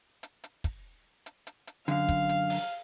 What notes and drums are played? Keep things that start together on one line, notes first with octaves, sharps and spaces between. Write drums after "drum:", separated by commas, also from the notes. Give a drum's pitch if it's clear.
drum: hi-hat
drum: hi-hat
drum: kick, hi-hat
drum: hi-hat
drum: hi-hat
drum: hi-hat
F#2 D3 F5, drum: hi-hat
drum: kick, hi-hat
drum: hi-hat
drum: open hi-hat